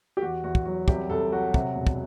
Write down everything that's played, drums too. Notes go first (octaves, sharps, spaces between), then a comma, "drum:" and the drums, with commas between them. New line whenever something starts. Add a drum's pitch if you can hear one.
G4
E2 F#4
E2 F#4
drum: kick
F#3 F#4
C2 G4, drum: kick
C2 A4
F#3 F#4
C3, drum: kick
E1
drum: kick